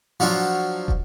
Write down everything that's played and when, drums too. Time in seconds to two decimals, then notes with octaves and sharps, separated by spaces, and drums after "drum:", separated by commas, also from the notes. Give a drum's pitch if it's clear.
0.20 F3 F#3 D4 F4
0.88 drum: kick